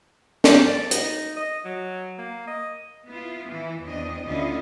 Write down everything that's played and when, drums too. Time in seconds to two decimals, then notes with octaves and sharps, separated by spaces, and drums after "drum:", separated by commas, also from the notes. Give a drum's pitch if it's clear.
0.44 G4, drum: snare
0.66 D5
0.91 D#4, drum: hi-hat
1.37 D#5
1.65 F#3
2.18 A#3
2.47 D#5
3.07 B3 E4 F4
3.50 E3
3.83 E2 C4 D4 D#5
4.25 D2 D3 C#4 E4 F4 D#5